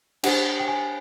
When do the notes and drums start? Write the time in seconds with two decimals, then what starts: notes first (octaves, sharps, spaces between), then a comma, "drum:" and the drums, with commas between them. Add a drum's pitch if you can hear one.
0.23 D4 G4 C5 F#5, drum: cymbal
0.60 G5
0.68 G#5